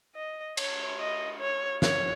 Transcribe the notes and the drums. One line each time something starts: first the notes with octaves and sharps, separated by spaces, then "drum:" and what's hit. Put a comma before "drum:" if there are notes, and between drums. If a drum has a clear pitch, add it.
D#5
C#5, drum: cymbal
D#5
C#5
C#5, drum: snare